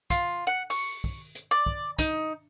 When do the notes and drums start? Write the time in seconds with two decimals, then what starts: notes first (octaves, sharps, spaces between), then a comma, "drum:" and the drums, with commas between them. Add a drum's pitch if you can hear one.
0.10 F4, drum: kick, hi-hat
0.47 F#5
0.70 C#6, drum: open hi-hat
1.04 drum: kick
1.35 drum: hi-hat
1.51 D5
1.66 drum: kick
1.99 D#4, drum: kick, hi-hat